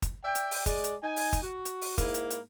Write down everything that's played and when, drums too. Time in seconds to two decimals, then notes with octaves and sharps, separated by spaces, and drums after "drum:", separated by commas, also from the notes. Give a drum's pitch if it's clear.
0.02 drum: kick, hi-hat
0.24 D5 E5 G5
0.35 drum: hi-hat
0.51 drum: open hi-hat
0.66 G#3 G#4 D5, drum: kick, hi-hat
0.84 drum: hi-hat
1.03 D#4 G#5
1.16 drum: open hi-hat
1.33 drum: kick, hi-hat
1.42 F#4
1.65 drum: hi-hat
1.81 drum: open hi-hat
1.98 G#2 A#3 E4, drum: kick, hi-hat
2.14 drum: hi-hat
2.30 drum: hi-hat